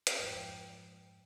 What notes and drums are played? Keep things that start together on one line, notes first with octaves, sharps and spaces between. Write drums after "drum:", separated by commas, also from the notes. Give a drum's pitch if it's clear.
drum: hi-hat
F2 G#2 G5